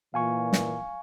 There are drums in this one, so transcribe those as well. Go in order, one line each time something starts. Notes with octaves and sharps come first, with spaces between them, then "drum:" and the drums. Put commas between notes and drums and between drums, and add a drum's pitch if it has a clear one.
A#2 E3 F5 G#5 C#6
drum: snare